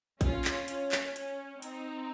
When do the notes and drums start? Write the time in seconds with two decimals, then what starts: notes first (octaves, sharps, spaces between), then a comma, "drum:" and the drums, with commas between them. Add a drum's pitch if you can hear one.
0.21 C#4 F4, drum: kick, hi-hat
0.45 drum: clap
0.68 C#4, drum: hi-hat
0.92 drum: clap
1.16 C#4, drum: hi-hat
1.62 C4 D#4, drum: hi-hat